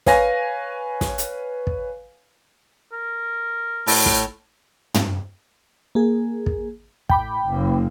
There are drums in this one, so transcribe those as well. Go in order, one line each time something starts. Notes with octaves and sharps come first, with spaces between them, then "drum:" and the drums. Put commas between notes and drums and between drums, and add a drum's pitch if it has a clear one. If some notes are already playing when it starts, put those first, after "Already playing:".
B4 C#5 F5 G#5 A#6, drum: snare
drum: snare
drum: hi-hat
drum: kick
A#4
A2, drum: open hi-hat
drum: snare
drum: tom
A#3 G#4
drum: kick
A2 G5 B5 D6, drum: kick
F#1 A#3